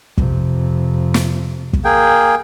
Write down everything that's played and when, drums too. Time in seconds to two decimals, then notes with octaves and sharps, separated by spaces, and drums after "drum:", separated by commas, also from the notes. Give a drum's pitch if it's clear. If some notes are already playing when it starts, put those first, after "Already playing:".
0.18 F2 C3, drum: kick
1.14 drum: snare
1.73 drum: kick
1.85 A#3 G#4 G5